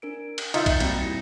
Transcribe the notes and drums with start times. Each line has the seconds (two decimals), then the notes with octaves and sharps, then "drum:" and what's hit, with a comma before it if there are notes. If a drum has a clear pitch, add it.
0.02 D4 A#4 D7
0.38 drum: cymbal
0.54 D#4 F4 E5 G6 A6 C#7, drum: cymbal
0.66 drum: kick B1, cymbal
0.80 A#2 G3 C4 F#4 A#5, drum: cymbal
1.01 E4 A#6 C#7